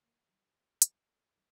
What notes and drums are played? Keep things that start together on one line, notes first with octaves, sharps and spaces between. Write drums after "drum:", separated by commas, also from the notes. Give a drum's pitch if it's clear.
D#2 A#3
D#3 G3 G4
D#2
D#3 G3, drum: hi-hat
D#2 A4
D#3 G3